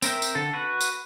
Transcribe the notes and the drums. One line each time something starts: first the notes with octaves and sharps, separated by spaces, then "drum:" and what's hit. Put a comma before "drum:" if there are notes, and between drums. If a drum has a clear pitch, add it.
C4 A#4 E5 G5, drum: tambourine
drum: tambourine
D3 A4
F#4 B4 F#5
drum: tambourine